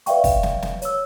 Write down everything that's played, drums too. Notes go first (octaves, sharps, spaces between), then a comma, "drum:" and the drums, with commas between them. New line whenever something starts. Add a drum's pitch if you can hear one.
B4 D5 E5 F5 G5 C#6, drum: hi-hat
drum: kick, open hi-hat
drum: snare
drum: snare
C#5 E6, drum: hi-hat